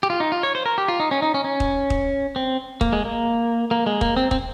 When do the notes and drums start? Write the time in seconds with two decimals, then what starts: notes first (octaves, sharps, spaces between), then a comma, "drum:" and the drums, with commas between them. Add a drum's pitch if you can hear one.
0.03 G4
0.10 F4
0.20 D#4
0.32 F4
0.43 C#5
0.55 C5
0.66 A#4
0.78 G4
0.88 F4
1.00 D#4
1.11 C#4
1.22 D#4
1.34 C#4
1.44 C#4
1.60 drum: kick
1.90 drum: kick
2.36 C4
2.81 A#3, drum: kick
2.93 G#3
3.05 A#3
3.71 A#3
3.86 G#3
4.01 A#3, drum: kick
4.17 C4
4.31 C4, drum: kick